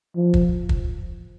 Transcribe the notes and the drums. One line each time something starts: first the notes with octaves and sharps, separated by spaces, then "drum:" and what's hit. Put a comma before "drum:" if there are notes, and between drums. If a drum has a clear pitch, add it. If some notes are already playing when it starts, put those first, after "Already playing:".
F3
drum: kick
drum: kick